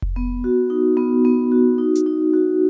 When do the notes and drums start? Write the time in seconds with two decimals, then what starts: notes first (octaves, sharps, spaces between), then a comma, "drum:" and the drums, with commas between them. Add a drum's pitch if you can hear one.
0.02 drum: kick F1
0.16 B3
0.44 F#4
0.70 D#4
0.97 B3
1.25 B3
1.52 F#4
1.78 D#4
1.95 drum: hi-hat
2.06 D#4
2.33 F#4